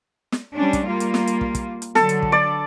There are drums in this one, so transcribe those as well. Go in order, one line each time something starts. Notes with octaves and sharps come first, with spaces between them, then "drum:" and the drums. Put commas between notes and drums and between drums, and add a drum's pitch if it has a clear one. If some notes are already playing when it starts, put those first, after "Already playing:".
drum: snare
G3 C#4 D4
drum: kick, hi-hat
G3 A#3 F4
drum: hi-hat
drum: snare
drum: hi-hat
drum: kick
drum: kick, hi-hat
drum: hi-hat
D3 F#3 A4, drum: snare
drum: hi-hat
drum: kick
D5